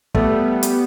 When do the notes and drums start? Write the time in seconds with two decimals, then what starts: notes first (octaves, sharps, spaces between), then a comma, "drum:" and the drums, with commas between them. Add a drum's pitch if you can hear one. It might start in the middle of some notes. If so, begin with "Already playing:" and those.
0.15 G3 A3 B3, drum: kick
0.63 drum: hi-hat